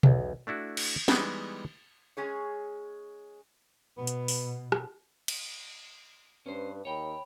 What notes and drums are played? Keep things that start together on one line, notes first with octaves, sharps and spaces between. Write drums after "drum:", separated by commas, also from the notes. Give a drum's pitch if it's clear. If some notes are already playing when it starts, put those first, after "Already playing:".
B1 E2, drum: tom B2
A3 D4 E4 F#4
drum: cymbal
E3 G3 G#3 B3 D#4, drum: snare
G#3 C#4 G#4 C#5
B2 B3
drum: hi-hat
drum: open hi-hat
drum: rim click
drum: cymbal
G2 C#4 B4 C5
D#2 C#5 G5 B5